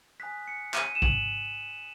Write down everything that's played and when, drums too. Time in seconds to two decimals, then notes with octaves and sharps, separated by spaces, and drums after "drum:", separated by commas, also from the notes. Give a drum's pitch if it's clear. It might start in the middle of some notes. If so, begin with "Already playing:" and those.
0.20 G#5 D#6 F#6 B6
0.48 C#7
0.74 D#7, drum: clap
0.95 E7
1.02 F#7, drum: kick G#1